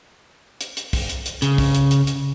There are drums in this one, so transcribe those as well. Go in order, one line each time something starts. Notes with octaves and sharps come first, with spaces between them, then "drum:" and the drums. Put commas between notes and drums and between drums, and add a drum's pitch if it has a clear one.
drum: hi-hat
drum: hi-hat
drum: kick, open hi-hat
drum: hi-hat
drum: hi-hat
C#3, drum: hi-hat
drum: kick, open hi-hat
drum: hi-hat
drum: hi-hat
drum: hi-hat